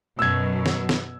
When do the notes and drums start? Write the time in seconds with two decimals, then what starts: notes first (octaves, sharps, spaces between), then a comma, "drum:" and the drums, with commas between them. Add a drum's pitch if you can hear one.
0.19 F#2 B2 F#3 E6 G#6
0.66 drum: snare
0.89 drum: snare